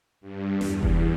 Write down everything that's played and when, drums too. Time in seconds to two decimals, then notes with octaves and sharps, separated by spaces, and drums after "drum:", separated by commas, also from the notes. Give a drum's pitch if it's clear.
0.21 G2
0.61 E2, drum: snare
0.83 drum: kick F1